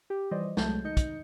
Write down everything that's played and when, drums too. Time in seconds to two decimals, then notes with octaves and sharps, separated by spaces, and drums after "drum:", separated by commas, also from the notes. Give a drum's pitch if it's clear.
0.10 G4
0.31 E3 F3 G3 C5 D5 D#5
0.57 C2 F#3 G#3 A3 A5 G6, drum: snare
0.84 D#3 D#4 D#5 G6 C#7
0.97 drum: kick, hi-hat